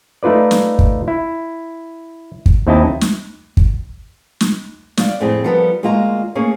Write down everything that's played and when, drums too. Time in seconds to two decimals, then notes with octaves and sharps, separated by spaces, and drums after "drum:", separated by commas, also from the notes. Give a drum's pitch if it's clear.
0.23 A3 D#4 F4 B4 D5
0.51 drum: snare
0.79 drum: kick
1.08 E4
2.46 drum: kick
2.67 D#2 C4 D#4 E4 D#5 A5
3.01 drum: snare
3.57 drum: kick
4.41 drum: snare
4.97 D5 F5, drum: snare
5.20 F2 A2 A3 C4 G#4 G#5
5.44 F3 G3 B3 A4 A#4
5.83 D2 G#3 A#3 F4 D#5 A#5
6.35 A3 A#3 C#4 G#4